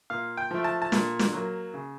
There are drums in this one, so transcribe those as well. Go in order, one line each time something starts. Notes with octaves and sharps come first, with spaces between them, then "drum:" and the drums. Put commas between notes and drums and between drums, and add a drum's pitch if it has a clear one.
A#2 F5
G5
F3 A3
A5
A5
A#2, drum: snare
drum: snare
F#3 A#3
C#3